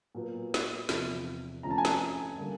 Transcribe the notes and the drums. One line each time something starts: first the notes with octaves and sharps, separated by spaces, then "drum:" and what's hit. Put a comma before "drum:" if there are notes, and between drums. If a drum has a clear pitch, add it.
A#2 F#3 B3
drum: snare
E2 C3 F3, drum: snare
F2 D3 F3 A3 C#4 A#5
A5
G#5
A5, drum: snare
D3 G3 A#3